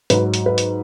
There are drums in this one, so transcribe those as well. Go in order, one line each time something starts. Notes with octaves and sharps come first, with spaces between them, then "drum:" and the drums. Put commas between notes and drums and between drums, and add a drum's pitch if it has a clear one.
G#2 F#3 B4, drum: hi-hat
drum: hi-hat
B4
drum: hi-hat